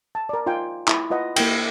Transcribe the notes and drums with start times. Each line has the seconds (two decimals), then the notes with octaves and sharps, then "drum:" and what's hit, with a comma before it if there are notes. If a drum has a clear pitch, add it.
0.15 A5
0.29 A#4 D5
0.46 D#4 F4 F5 G5 G#5
0.88 E4, drum: clap
1.10 F4 B4 D#5 F#5
1.36 A#3 E4 G5, drum: cymbal